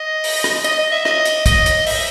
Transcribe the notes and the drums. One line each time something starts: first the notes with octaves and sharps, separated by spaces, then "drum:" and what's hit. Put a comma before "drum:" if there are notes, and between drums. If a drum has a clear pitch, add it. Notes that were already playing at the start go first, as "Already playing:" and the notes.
Already playing: D#5
drum: open hi-hat
drum: rim click
D#5, drum: hi-hat
D#5
E5
D#5, drum: rim click
drum: hi-hat
D#5, drum: kick, hi-hat
drum: hi-hat
E5, drum: open hi-hat